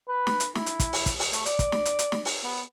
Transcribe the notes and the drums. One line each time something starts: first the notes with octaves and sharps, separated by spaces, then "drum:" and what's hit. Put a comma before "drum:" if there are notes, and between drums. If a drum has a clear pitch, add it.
B4
drum: snare
drum: hi-hat
E4, drum: snare
drum: hi-hat
drum: kick, hi-hat
drum: open hi-hat
drum: kick, hi-hat
drum: open hi-hat
A3, drum: hi-hat
D5, drum: hi-hat
drum: kick, hi-hat
drum: snare
drum: hi-hat
drum: hi-hat
drum: snare
drum: open hi-hat
B3